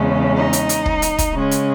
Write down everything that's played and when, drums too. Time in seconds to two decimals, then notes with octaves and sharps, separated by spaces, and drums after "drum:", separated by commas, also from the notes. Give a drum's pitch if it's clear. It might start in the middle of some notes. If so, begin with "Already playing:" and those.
Already playing: E2 C#3 G#3 C#4
0.36 D#4
0.53 drum: hi-hat
0.69 drum: hi-hat
0.86 drum: kick
1.02 drum: hi-hat
1.18 drum: kick, hi-hat
1.35 C#3 G#3 C#4
1.51 drum: hi-hat